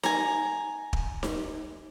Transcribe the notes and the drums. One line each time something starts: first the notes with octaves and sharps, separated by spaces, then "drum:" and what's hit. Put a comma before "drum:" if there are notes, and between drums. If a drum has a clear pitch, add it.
G#5 A#5, drum: snare D#4
drum: kick
drum: snare D#4